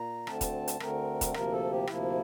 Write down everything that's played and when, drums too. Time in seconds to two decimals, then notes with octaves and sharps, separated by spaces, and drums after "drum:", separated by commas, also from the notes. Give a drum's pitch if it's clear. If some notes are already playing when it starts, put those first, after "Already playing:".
Already playing: A#2 A#5
0.27 D2 D3 A3 C4 A5, drum: rim click
0.41 drum: kick E1, hi-hat
0.68 drum: hi-hat
0.80 D2 D3 A3 C4 A#4, drum: rim click
1.21 drum: kick E1, hi-hat
1.34 D2 C3 F3 A#3 A#4, drum: rim click
1.52 A4
1.71 G4
1.87 D2 C3 F3 A#3 E4, drum: rim click